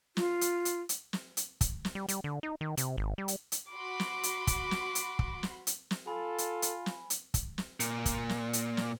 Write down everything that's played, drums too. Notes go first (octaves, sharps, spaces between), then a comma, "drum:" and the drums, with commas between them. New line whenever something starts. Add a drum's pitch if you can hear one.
F4, drum: snare
drum: hi-hat
drum: hi-hat
drum: hi-hat
drum: snare
drum: hi-hat
drum: kick, hi-hat
drum: snare
G3
G3, drum: hi-hat
D3
D#4
D#3
C3, drum: hi-hat
G#1
G3
drum: hi-hat
drum: hi-hat
F#4 B5 C6 D6
drum: snare
drum: hi-hat
drum: kick, hi-hat
drum: snare
drum: hi-hat
drum: kick
drum: snare
drum: hi-hat
drum: snare
F4 A4 G#5 B5
drum: hi-hat
drum: hi-hat
drum: snare
drum: hi-hat
drum: kick, hi-hat
drum: snare
A#2, drum: hi-hat
drum: kick, hi-hat
drum: snare
drum: hi-hat
drum: snare